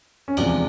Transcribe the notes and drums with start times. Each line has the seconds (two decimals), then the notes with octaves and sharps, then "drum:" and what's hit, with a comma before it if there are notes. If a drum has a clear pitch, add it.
0.28 C#4
0.37 E2 C3 F3 G#3 D4, drum: cymbal